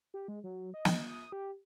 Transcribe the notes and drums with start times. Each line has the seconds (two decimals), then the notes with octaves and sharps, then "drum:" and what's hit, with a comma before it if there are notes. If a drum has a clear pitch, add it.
0.14 G4
0.28 G#3
0.44 F#3
0.74 D#5
0.85 drum: snare
1.07 D#6
1.32 G4